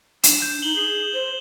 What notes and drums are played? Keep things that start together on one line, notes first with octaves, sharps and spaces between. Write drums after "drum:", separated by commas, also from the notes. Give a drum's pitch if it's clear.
D4 E7, drum: hi-hat
G6
D#4 F#7 G7
G#4
C5